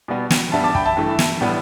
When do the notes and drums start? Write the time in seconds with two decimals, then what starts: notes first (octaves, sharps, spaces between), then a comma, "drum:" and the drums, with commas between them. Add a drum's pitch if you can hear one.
0.08 B2 G3 B3
0.30 drum: snare
0.52 G2 G3 B3 E5 A5
0.64 A5 D6
0.75 G5 B5, drum: kick
0.85 E5 A5
0.97 G2 E3 A3
1.19 drum: snare
1.41 A2 G3 B3